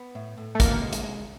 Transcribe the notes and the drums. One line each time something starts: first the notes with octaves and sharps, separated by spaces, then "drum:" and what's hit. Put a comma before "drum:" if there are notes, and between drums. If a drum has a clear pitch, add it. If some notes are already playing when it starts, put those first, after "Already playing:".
Already playing: B3
A2
A2
A3
A#3 B3, drum: kick, hi-hat
G#3
drum: hi-hat
G#3